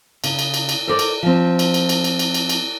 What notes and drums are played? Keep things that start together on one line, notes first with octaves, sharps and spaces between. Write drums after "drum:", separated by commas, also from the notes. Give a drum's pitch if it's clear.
C#3, drum: cymbal
drum: cymbal
drum: cymbal
drum: cymbal
A4 A#4 C5 D5
drum: cymbal
F3 C4
drum: cymbal
drum: cymbal
drum: cymbal
drum: cymbal
drum: cymbal
drum: cymbal
drum: cymbal